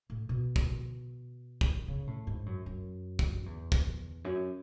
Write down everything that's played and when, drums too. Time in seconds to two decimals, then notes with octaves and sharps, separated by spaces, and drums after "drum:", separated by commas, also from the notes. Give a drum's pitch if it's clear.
0.10 A2
0.29 B2
0.56 drum: kick
1.61 drum: kick
1.88 C#3
2.07 A2
2.27 G#2
2.46 F#2
2.66 F#2
3.19 drum: kick
3.46 E2
3.72 drum: kick
4.25 F#2